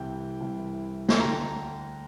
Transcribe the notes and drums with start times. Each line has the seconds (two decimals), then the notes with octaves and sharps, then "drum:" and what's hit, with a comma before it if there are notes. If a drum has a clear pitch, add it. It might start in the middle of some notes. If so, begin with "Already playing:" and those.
Already playing: C2 C3 E3 G5
0.40 C2 C3 E3
1.09 C6, drum: snare
1.20 D2 D3 G5 A#5